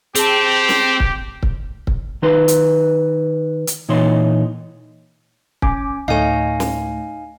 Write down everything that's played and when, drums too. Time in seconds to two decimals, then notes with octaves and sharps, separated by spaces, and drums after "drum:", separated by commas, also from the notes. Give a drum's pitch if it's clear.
0.15 C4 G4 G#4 A5, drum: hi-hat
0.69 drum: snare
1.00 drum: kick C#1
1.43 drum: kick C#1
1.87 drum: kick C#1
2.22 D#3 D#4 B4 C6
2.48 drum: hi-hat
3.67 drum: hi-hat
3.89 A#2 E3 D#4 C#5 C6
5.62 C#4 G#5 D6, drum: kick C#1
6.08 D2 A2 A3 D#4 C#5 F5 G#5
6.60 drum: snare